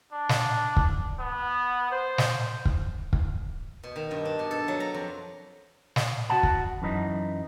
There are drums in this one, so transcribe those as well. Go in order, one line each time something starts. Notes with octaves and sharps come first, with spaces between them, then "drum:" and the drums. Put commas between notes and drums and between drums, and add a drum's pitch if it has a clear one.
D4
drum: snare
drum: kick
B3
C5
drum: snare
drum: kick
drum: kick
B2
D#3
G2
D4
B2
A4
F#3
A#5
F2
drum: snare
F#4 F#5 A5
drum: kick
F#2 E3 D#4